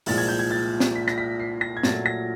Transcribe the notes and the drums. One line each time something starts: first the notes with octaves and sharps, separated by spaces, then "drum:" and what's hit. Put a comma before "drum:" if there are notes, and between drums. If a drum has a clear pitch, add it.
C2 A#2 F3 G#3 A6, drum: open hi-hat
G#6
G6
G#6
A6
drum: snare
B6
A#6, drum: rim click
B6
C7
A#6
G#6
A#2 F#3 A3 A6, drum: snare
A#6